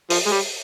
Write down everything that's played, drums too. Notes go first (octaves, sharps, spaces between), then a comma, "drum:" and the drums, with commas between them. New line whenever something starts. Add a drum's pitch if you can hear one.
F3, drum: open hi-hat
G#3
G3